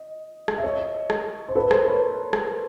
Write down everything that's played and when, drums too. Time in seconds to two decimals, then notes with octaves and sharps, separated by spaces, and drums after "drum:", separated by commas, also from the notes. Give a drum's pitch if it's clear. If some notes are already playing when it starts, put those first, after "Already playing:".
Already playing: D#5
0.48 drum: rim click
0.58 E5
0.63 C#5 D#5
1.10 drum: rim click
1.48 C5
1.55 A4 B4
1.71 A#4 C5, drum: rim click
1.86 B4 C#5
2.33 drum: rim click